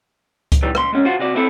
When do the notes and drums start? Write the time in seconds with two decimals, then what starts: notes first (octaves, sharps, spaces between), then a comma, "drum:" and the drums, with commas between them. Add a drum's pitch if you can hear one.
0.52 drum: kick C#2, hi-hat
0.63 D#3 E3 G3
0.75 C#2 C6, drum: rim click
0.93 G#2 C#4
1.05 F4 F#4 C5
1.19 C3 F#4 D5
1.35 C4 E4 A4